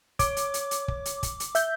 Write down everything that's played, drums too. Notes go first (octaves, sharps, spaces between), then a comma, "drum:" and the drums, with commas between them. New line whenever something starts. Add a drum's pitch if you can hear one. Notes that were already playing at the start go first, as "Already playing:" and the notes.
C#5 D6, drum: kick, hi-hat
drum: hi-hat
drum: hi-hat
drum: hi-hat
drum: kick
drum: hi-hat
drum: kick, hi-hat
drum: hi-hat
E5 G6, drum: hi-hat